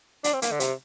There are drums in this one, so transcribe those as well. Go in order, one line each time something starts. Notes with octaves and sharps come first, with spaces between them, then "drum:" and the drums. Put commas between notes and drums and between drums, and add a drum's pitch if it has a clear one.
D4, drum: hi-hat
C4
A#3, drum: hi-hat
D3
C3, drum: hi-hat